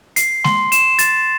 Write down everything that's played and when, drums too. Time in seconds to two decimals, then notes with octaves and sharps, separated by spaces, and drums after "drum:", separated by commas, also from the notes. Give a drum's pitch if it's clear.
0.16 C7, drum: hi-hat
0.44 C6, drum: snare G#3
0.72 E7, drum: hi-hat
0.99 A6, drum: hi-hat